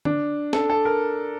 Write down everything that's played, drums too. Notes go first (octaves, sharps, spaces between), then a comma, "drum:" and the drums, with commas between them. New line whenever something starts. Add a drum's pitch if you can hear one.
D4, drum: tom D3
A4, drum: snare C#4
A4
A#4